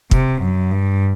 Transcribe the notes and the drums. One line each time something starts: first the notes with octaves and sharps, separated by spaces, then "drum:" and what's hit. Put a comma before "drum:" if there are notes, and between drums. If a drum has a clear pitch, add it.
C3, drum: kick
F#2
G2